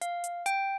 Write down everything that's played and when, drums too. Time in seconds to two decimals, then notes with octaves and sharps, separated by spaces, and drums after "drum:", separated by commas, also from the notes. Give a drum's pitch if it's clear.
0.01 F5, drum: hi-hat
0.24 drum: hi-hat
0.46 G5, drum: hi-hat